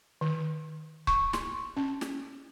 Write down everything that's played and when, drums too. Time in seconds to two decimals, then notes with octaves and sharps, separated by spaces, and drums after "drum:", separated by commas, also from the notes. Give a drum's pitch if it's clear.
0.21 D#3
1.07 C#6, drum: kick C#1
1.33 C6, drum: snare
1.77 C#4
2.01 drum: snare